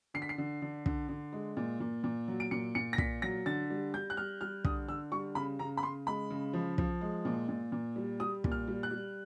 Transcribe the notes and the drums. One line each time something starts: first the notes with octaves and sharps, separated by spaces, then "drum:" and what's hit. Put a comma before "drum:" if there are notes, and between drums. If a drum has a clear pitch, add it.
D3 C7
B6
C7
D3
D3
D3, drum: kick
D3
G#3
A#2
A#2
A#2
F#3
D7
A#2 C#7
A#2 C#7
A#6
A#2 B6, drum: kick
F#3 A#6
D3 A6
G3
G3 G6
F#6
G3 F6
G3 F6
D3 D#6, drum: kick
D3 E6
G3 C#6
C#3 B5
C#3 A#5
B5
C#3 C6
G#3 B5
C#3
F3
F3, drum: kick
G#3
A#2
A#2
A#2
G3
G3 D#6
A#2, drum: kick
F6
G3
F#6
G3